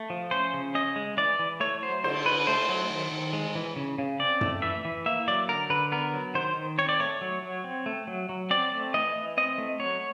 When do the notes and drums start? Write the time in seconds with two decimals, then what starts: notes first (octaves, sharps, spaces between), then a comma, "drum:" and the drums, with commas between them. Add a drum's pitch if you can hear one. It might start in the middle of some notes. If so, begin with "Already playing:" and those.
Already playing: A3
0.10 F3
0.31 C#4 C5
0.54 C#3
0.75 C#4 D#5
0.96 G#3
1.17 E3 D5
1.39 E3
1.60 A3 C#5
1.82 F#3 C5
2.04 D3 C5, drum: cymbal
2.25 D3 B4
2.47 A3 C5
2.69 F#3
2.90 D#3
3.12 D#3
3.33 G#3
3.55 E3
3.76 C#3
3.98 C#3
4.19 C4 D5
4.41 A3, drum: tom F#2
4.62 E3 E5
4.85 E3
5.06 A#3 E5
5.28 F#3 D5
5.49 D3 A#4
5.70 D3 B4
5.92 B3 A#4
6.14 F#3
6.35 D#3 C5
6.56 D#3
6.78 C4 C#5
6.89 D5
7.00 A3 C#5
7.21 F#3
7.42 F#3
7.64 C4
7.86 A3
8.07 F#3
8.29 F#3
8.50 C4 D5
8.72 A3
8.94 E3 D#5
9.16 E3
9.37 C4 D#5
9.58 A3
9.79 F#3 C#5